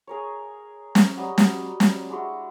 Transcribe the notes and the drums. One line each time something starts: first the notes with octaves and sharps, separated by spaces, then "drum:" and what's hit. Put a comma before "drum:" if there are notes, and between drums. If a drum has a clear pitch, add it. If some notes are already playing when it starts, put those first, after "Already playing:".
G#4 A#4 C#5
drum: snare
F#3 G3 D#5 D#6
drum: snare
drum: snare
G#3 D4 E4 F#4